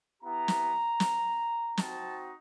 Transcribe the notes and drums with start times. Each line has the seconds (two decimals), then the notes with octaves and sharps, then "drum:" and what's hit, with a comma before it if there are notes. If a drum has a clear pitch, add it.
0.22 B3 E4 G4 A#5
0.48 drum: snare
1.00 drum: snare
1.77 C4 D#4 F#4 A5, drum: snare